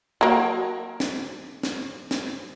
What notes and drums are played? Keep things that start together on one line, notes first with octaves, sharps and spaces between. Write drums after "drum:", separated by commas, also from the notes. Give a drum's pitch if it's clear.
F#3 A#3
drum: snare
drum: snare
drum: snare